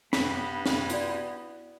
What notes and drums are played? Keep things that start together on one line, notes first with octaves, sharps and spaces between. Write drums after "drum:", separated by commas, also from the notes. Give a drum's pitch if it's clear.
G2 B3 B5, drum: snare
drum: snare
E4 F#4 D5, drum: hi-hat